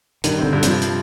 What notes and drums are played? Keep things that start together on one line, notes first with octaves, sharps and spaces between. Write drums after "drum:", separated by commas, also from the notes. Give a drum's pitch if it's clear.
G2 D#3, drum: hi-hat
D3 C4
G2
C3 F3, drum: hi-hat
drum: hi-hat